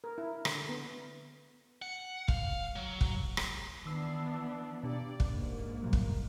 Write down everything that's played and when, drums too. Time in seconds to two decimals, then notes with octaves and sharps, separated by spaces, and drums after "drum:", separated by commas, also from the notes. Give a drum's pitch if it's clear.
0.04 A#4
0.18 E4
0.45 D3, drum: rim click
0.69 B3
1.82 F#5
2.28 F5, drum: kick
2.76 F#3
3.01 drum: kick
3.37 drum: rim click
3.86 D#3 E3 B3 D4 E6 C7
4.83 B2 D4 G4 D5
5.20 drum: kick
5.30 G#2 A#3
5.83 B2 F#3 G3
5.93 drum: kick